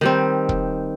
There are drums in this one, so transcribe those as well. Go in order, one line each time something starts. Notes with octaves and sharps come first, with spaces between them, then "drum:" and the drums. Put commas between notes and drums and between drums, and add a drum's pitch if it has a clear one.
D#3 G3 C4
drum: kick